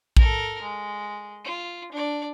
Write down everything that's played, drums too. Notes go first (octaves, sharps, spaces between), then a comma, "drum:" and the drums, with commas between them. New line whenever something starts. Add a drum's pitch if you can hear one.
A4 A#4, drum: kick A#1
G#3
F4
D4 D5